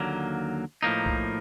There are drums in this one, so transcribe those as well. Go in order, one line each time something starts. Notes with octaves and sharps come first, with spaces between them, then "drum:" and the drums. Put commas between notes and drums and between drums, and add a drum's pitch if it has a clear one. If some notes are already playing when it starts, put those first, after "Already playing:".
Already playing: D#2 D3 F#3 A#3
A2 F3 A#3 D#4
drum: kick B1